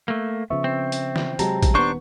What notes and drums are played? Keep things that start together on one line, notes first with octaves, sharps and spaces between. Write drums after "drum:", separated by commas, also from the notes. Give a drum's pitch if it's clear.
A3 A#3
C#3 F3 B3 E5 C#6
C4
drum: hi-hat
drum: snare
C3 F#3 G#3 G4 A5 A#5, drum: hi-hat
drum: kick, hi-hat
D#1 D#2 B3 D4 C5 C#6